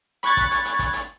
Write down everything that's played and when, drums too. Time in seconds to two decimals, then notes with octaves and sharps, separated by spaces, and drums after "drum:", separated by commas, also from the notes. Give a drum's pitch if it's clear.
0.23 B5 C#6 F#6 G#6 A6, drum: hi-hat
0.37 drum: kick, hi-hat
0.51 drum: hi-hat
0.65 drum: hi-hat
0.79 drum: kick, hi-hat
0.93 drum: hi-hat